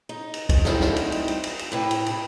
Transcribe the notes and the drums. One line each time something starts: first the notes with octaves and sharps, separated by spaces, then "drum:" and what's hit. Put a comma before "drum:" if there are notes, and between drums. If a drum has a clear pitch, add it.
D#4
drum: cymbal
drum: kick, cymbal
G3 A3 C4 D#4 E4 F#4, drum: snare
drum: snare
drum: cymbal
drum: cymbal
drum: cymbal
drum: cymbal
drum: cymbal
A2 C3 B4
drum: cymbal
drum: cymbal